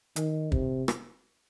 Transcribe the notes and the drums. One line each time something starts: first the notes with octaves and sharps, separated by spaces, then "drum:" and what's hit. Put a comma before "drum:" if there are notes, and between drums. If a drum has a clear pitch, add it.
D#3, drum: hi-hat
C3, drum: kick
drum: rim click